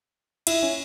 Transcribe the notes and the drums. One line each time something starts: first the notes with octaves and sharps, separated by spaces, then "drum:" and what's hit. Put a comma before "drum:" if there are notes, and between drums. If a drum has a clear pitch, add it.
E4, drum: cymbal
C#4